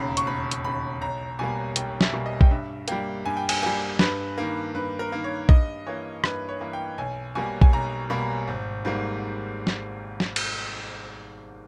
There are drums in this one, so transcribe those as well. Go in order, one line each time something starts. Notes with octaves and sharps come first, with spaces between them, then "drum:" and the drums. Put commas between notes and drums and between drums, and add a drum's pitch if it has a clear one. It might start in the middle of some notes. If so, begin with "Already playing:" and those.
Already playing: E1 D#2 C#3 A#5 B5
C#6, drum: hi-hat
E1 B5
drum: hi-hat
D#2 C#3 B5
B1 A#5
B2 G3 A#3 G#5
B1 G5, drum: hi-hat
E5, drum: snare
B2 G3 A#3
D#5
G5, drum: kick
G2 E5
G3 A#3 G5, drum: hi-hat
G2 G#5
G5
G#5, drum: cymbal
G3 A#3 G#5
G2 B4, drum: snare
D#3 A#3
G2 B4
A#4
D#3 A#3
C#5
G2 D#5, drum: kick
E3 A#3 C#5
G2 B4, drum: rim click
C#5
E3 A#3
G5
B1 G#5
B2 G3 A#3 G#5
G#5, drum: kick
B1 A#5
B2 G3 A#3 B5
G#1
G#2 G3 A#3
drum: snare
drum: snare
drum: cymbal